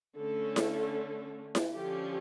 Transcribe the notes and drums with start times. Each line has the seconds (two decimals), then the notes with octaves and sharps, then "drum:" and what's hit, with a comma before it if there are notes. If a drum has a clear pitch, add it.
0.17 D3 A3 C#4 A4
0.56 drum: snare E4
1.55 drum: snare E4
1.74 D3 F3 C#4 G4